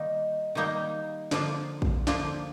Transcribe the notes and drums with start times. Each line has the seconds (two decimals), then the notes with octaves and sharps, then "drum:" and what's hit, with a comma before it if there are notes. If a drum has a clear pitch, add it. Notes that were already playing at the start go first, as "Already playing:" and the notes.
Already playing: D#3 G3 A#3 D#4
0.55 D#3 G3 A#3 D#4
1.31 D3 F3 A#3 D4 F4, drum: snare
1.82 drum: kick
2.07 D3 F3 A#3 D4 F4, drum: snare